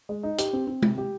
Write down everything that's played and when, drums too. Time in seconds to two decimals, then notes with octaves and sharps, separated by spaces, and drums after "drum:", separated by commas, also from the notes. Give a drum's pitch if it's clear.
0.09 G#3
0.23 D#4
0.38 G4, drum: hi-hat
0.53 C4
0.67 C4
0.82 C3, drum: tom G#3
0.98 G4